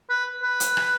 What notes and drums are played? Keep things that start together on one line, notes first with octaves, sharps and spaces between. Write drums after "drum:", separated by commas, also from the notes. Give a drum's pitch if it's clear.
B4
B4
drum: hi-hat
drum: rim click